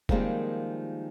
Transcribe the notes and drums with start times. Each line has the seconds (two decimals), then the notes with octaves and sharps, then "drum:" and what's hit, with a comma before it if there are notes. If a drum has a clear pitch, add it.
0.09 D#3 F3 G3 G#3 A#3 C4, drum: kick F1